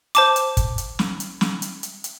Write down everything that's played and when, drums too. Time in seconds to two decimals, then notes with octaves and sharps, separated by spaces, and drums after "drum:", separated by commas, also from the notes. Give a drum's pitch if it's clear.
0.15 C5 A5 D6, drum: hi-hat
0.36 drum: hi-hat
0.57 drum: kick, hi-hat
0.78 drum: hi-hat
0.99 drum: snare
1.20 drum: hi-hat
1.41 drum: snare
1.62 drum: hi-hat
1.83 drum: hi-hat
2.04 drum: hi-hat